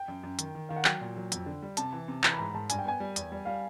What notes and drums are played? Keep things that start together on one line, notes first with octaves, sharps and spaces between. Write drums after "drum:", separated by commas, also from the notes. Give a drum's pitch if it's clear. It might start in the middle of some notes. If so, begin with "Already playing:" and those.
Already playing: G5
F#2
F#2
D#3, drum: hi-hat
D#3
D#3 F5
F#5
F#3 G5, drum: clap
A#2
F#3
F2, drum: hi-hat
D3
G3
C3 A5, drum: hi-hat
E3
C3
E3 A#5, drum: clap
B5
G#2 A#5
G#2 A5
G2 G#5, drum: hi-hat
G5
B3 G#5
G3
E2, drum: hi-hat
G3
G3 F5